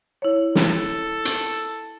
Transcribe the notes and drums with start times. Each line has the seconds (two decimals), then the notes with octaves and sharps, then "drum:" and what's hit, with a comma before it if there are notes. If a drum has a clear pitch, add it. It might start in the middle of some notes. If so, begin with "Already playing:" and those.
0.22 E4 C#5
0.55 A4, drum: snare
1.25 drum: hi-hat